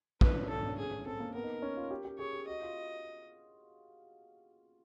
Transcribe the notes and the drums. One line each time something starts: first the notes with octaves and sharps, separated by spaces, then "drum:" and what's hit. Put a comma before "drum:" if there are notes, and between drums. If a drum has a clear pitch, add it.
D4 B4, drum: kick
C#4
B3 A4
D4
C#4
G#4
C4 A4
A#3
B3 A#4
D#4
C#4
F4
G4
G4
G#4 C#5
G4
F#4 D#5
F4